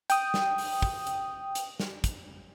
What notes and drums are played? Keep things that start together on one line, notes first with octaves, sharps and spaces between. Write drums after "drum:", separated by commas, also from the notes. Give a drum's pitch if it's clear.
G5 D#6, drum: hi-hat
drum: snare
drum: open hi-hat
drum: kick
drum: hi-hat
drum: hi-hat
drum: snare
drum: kick, hi-hat